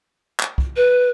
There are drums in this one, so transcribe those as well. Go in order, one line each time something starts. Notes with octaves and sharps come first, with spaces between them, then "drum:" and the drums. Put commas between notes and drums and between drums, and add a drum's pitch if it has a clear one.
drum: clap
drum: kick
B4